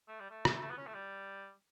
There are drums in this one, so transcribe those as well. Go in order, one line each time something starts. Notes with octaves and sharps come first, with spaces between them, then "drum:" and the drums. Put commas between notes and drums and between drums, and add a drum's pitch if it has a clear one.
A3
G3
A3
drum: rim click
A3
B3
C#4
A3
G3